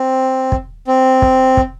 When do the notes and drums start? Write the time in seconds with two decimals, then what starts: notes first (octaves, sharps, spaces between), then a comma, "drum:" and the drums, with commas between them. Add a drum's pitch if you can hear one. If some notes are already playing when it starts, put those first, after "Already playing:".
Already playing: C4
0.52 drum: kick
0.87 C4
1.22 drum: kick
1.57 drum: kick